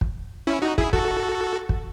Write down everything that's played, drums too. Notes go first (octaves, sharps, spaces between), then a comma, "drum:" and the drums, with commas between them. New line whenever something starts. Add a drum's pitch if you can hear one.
drum: kick
C#4 E4
D#4 F#4
E4 G#4, drum: kick
F#4 A4, drum: kick
drum: kick